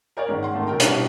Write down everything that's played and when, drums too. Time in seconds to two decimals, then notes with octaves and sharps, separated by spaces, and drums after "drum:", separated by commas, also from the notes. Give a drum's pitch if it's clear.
0.17 A#4 C#5 D5 F5
0.29 G#2 D#3
0.43 F#5 C6
0.54 D#3 A3 A#3
0.67 B2 D#3 A#4 G5 A#5
0.80 B2 G3 D4 E4 B4, drum: hi-hat